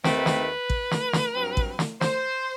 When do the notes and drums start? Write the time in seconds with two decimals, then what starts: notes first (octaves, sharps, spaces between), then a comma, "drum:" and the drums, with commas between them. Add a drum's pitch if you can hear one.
0.04 D#2 D#3 A3 C4 B4, drum: snare
0.26 drum: snare
0.70 drum: kick A1
0.91 drum: snare
1.13 drum: snare
1.35 G2 F#3 C4
1.57 drum: kick A1
1.79 drum: snare
2.01 C5, drum: snare